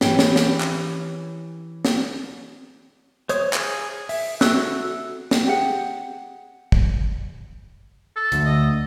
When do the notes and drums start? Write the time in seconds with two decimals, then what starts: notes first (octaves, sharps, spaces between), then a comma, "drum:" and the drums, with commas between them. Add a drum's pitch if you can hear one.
0.01 E3 C#4 G4, drum: snare
0.19 drum: snare
0.36 drum: snare
0.60 drum: clap
1.85 drum: snare
3.29 C5 C#5 D#6, drum: hi-hat
3.53 G#4, drum: clap
4.09 E5, drum: open hi-hat
4.41 F#4 A4 E5 E6 F#6, drum: snare
5.31 drum: snare
5.47 G4 G#4 F#5
6.72 drum: kick
8.16 A4
8.32 D2, drum: hi-hat
8.45 D#5